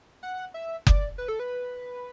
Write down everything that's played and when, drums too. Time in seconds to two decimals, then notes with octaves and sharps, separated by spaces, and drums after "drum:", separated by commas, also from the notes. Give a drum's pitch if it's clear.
0.23 F#5
0.54 E5
0.87 D5, drum: kick F#1
1.18 B4
1.28 A4
1.40 B4